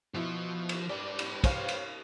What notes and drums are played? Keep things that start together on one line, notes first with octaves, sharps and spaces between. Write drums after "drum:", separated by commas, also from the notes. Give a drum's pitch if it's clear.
B2 F3 E4 C5
drum: cymbal
G4 B4 D5
drum: cymbal
C5 C#5 F5, drum: kick, cymbal
drum: cymbal